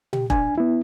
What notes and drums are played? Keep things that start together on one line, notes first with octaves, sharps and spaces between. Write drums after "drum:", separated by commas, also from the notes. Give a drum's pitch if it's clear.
G4, drum: tom A#2
D4 G#5, drum: kick E1
B3 E4